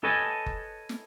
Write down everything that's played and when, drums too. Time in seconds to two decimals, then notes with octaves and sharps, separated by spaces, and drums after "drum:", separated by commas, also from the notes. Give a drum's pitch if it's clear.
0.03 A4 B4 C#5 D#5 G#5 A5
0.46 drum: kick F#1
0.89 drum: snare